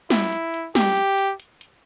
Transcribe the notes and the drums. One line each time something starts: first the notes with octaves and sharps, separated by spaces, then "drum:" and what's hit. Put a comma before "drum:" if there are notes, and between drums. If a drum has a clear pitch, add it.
E4, drum: snare
drum: hi-hat
drum: hi-hat
G4, drum: snare
drum: hi-hat
drum: hi-hat
drum: hi-hat
drum: hi-hat